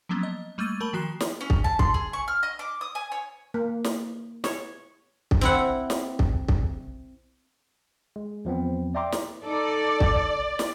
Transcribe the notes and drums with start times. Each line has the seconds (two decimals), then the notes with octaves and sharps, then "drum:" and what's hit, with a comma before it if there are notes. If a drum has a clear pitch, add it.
0.09 F3 F#3 A#3 B3 C#4
0.23 D#5
0.58 G3 A3 A#3 E6 A6 D#7
0.80 A3 A#4 A5 B5 F#7 G7
0.93 D#3 F3 F#4 F#6 C7 G7
1.20 drum: snare
1.41 C#4
1.50 drum: kick
1.64 A5
1.79 C6, drum: kick
1.94 G#4
2.13 C#6
2.28 F6
2.43 D#5
2.59 D6
2.81 D#6
2.95 G#5
3.12 C#5
3.54 A#3
3.84 drum: snare
4.44 C#5, drum: snare
5.31 drum: kick
5.41 C4 E4 F#5
5.90 drum: snare
6.19 drum: kick
6.48 drum: kick
8.16 G#3
8.45 E2 F3 B3 C4
8.95 D5 E5 G5 A#5 C6 D6
9.12 drum: snare
9.43 D#4 A4 D5
10.00 drum: kick
10.59 drum: snare